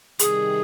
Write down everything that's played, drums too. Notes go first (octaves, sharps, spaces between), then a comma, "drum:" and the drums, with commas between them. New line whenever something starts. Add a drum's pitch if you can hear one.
C3 D#3 G3 G#4, drum: hi-hat